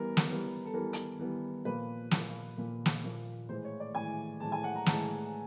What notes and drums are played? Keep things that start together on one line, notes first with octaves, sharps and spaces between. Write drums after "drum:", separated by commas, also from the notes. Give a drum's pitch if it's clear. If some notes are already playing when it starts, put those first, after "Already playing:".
Already playing: E3 G3 B3 A#4
drum: snare
E3 G3 B3
A4
E3 G3 B3 A#4
drum: hi-hat
E3 G3 B3
A#2 F3 A#3 B4
A#2 F3 A#3, drum: snare
A#2 F3 A#3
drum: snare
A#2 F3 A#3
A2 E3 G#3 C5
C#5
D5
A2 E3 G#3 G#5
A2 E3 G#3 A5
G#5
F#5
A#5
A2 E3 G#3 A5, drum: snare